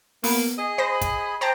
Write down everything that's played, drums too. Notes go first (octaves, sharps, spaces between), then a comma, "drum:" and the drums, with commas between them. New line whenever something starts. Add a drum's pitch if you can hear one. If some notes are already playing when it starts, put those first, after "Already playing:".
A#3 B3, drum: open hi-hat
G#4 D#5
C5 B5 A#6
drum: kick, hi-hat
C5 G5 A5 A#5